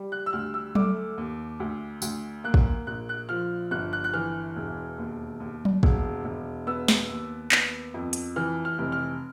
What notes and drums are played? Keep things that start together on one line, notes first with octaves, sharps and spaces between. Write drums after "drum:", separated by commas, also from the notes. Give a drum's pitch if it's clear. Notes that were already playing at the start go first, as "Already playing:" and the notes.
Already playing: G3
F#6
E6
D2 F6
E6
A3 D6, drum: tom F#3
D#2
D2
D2, drum: tambourine
A#3 F#6
drum: kick
A#1 F#6
F#6
F3 F6
G1 F#6
F#6
F#6
E3 F6
E1
D#2
D#2
drum: tom F#3
E1, drum: kick
E1
B3 E6
drum: snare
D#2
B3, drum: clap
F2
drum: hi-hat
E3 F6
F6
F1
F6